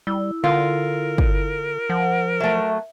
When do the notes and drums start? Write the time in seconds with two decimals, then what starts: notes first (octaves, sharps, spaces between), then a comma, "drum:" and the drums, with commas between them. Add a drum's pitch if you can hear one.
0.07 G3 E4
0.44 D3 F4 A#4
1.18 drum: kick
1.90 F3 F#5
2.40 F#3 A3 E5